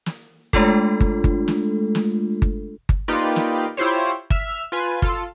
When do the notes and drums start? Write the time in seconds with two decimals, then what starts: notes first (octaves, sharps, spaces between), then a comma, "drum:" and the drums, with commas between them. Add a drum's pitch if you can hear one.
0.06 drum: snare
0.53 G#3 A3 D4 F4 A4, drum: kick G1
1.00 drum: kick G1
1.24 drum: kick G1
1.48 drum: snare
1.95 drum: snare
2.42 drum: kick G1
2.89 drum: kick G1
3.08 A#3 D#4 F4 G4 B4 D5
3.36 drum: snare
3.77 E4 F4 G4 C5 C#5
4.30 E5 F6, drum: kick G1
4.72 F4 B4 G#5
5.02 F4 A4, drum: kick G1